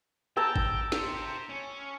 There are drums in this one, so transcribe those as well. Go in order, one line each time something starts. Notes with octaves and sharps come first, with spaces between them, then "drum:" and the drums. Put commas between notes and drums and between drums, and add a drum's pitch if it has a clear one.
G5 A5 A#5 E6
drum: kick
G4 C5, drum: snare
C#4